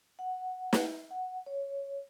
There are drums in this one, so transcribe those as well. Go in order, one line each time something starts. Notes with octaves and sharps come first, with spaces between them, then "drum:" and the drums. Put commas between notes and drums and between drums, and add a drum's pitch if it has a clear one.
F#5
drum: snare
F#5
C#5